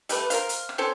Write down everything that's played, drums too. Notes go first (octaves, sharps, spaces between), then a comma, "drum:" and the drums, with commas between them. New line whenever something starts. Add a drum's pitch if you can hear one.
G3 A3 B4, drum: hi-hat
A#4 C5 F5, drum: hi-hat
drum: hi-hat
drum: rim click
C4 C#4 A4 C5